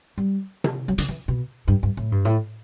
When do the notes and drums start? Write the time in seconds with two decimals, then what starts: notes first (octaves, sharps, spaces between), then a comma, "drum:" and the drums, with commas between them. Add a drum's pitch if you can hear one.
0.18 G3
0.64 drum: tom C3
0.88 F#3
0.98 D3, drum: hi-hat
1.08 E3
1.28 B2
1.68 G2
1.83 G2
1.97 A2
2.12 G2
2.25 A2